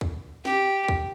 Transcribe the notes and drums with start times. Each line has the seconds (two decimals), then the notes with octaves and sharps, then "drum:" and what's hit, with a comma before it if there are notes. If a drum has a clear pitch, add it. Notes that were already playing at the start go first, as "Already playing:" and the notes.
0.01 drum: kick
0.45 G4, drum: snare
0.88 drum: kick